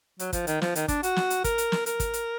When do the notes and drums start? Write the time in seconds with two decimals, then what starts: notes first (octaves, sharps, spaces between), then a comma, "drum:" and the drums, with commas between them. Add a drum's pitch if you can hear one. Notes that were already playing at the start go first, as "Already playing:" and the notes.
0.19 F#3, drum: hi-hat
0.33 F3, drum: kick, hi-hat
0.47 D#3, drum: hi-hat
0.62 F3, drum: snare
0.75 D#3, drum: hi-hat
0.88 D4, drum: kick, hi-hat
1.03 F#4, drum: hi-hat
1.16 drum: snare
1.30 drum: hi-hat
1.44 A#4, drum: kick, hi-hat
1.58 drum: hi-hat
1.72 drum: snare
1.86 A#4, drum: hi-hat
2.00 drum: kick, hi-hat
2.14 drum: hi-hat